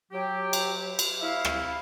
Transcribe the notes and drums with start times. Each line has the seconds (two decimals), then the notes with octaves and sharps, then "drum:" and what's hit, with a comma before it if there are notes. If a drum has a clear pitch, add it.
0.12 F#3 G4
0.53 drum: cymbal
0.99 drum: cymbal
1.22 E4 E5 F5
1.45 drum: rim click